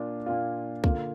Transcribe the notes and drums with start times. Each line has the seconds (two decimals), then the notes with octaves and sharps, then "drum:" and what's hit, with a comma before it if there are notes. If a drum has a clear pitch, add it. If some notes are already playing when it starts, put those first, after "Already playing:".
Already playing: A#2 A#3 D4 F4
0.26 A#2 A#3 D4 F4
0.84 D3 A#3 F4, drum: kick